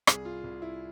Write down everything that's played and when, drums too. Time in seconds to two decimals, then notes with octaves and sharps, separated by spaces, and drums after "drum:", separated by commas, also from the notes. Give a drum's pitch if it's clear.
0.07 C2 G#4, drum: rim click
0.25 F4
0.44 C2
0.62 E4